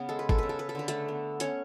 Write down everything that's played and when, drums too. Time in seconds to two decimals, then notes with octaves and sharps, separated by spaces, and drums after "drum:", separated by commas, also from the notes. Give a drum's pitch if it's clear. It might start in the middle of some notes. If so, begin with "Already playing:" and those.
Already playing: C#3 B3
0.09 G#3 A4
0.19 B4
0.29 A4, drum: kick G#1
0.38 C#3 B4
0.49 A4
0.59 B4
0.69 A4
0.75 D3 B4
0.88 A3 A4, drum: hi-hat
1.08 B3
1.40 B3 C#4 C#5, drum: hi-hat